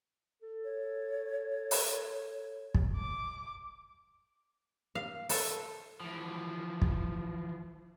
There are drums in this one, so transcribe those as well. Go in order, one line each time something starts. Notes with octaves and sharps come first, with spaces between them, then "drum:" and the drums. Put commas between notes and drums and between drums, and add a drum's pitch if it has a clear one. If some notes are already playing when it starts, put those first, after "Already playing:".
A4
C#5
drum: open hi-hat
drum: kick
D6
F5
A4, drum: open hi-hat
E3 F3
drum: kick